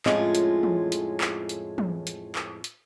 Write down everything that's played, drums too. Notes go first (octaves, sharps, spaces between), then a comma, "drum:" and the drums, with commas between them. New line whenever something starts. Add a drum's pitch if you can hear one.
F2 A2 G#3 C#4 F4, drum: clap
drum: hi-hat
drum: tom
drum: hi-hat
drum: clap
drum: hi-hat
drum: tom
drum: hi-hat
drum: clap
drum: hi-hat